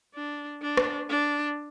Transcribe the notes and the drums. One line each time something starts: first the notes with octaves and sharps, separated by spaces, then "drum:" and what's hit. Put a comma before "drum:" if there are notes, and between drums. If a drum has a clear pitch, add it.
D4
D4
drum: rim click
D4